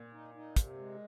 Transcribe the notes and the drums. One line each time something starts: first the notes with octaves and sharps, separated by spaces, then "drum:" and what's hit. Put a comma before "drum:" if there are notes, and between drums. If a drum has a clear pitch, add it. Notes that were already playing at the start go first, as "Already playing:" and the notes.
Already playing: A#2
D#4
D#4
C3, drum: kick, hi-hat
G#3